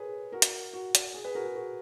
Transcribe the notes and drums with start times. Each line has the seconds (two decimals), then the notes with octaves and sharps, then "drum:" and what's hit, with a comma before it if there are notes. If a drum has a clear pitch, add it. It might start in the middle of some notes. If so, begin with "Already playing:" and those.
Already playing: G#4 A#4 B4 C#5
0.32 F#4 A#4
0.42 drum: hi-hat
0.73 F#4
0.95 drum: hi-hat
1.14 G#4
1.24 G#4 B4
1.35 F#4 A#4
1.45 G#4
1.55 F#4 A#4